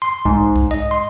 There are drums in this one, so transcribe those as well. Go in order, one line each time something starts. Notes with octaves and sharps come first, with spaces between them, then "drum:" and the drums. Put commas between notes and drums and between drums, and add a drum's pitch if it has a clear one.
C6
G#2, drum: kick B1
drum: kick B1
D#5
C6